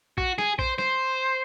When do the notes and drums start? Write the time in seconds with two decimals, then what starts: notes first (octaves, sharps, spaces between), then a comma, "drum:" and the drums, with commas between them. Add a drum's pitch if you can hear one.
0.18 F#4, drum: kick A#1
0.38 G#4, drum: snare
0.59 C5, drum: kick A#1
0.78 C5, drum: snare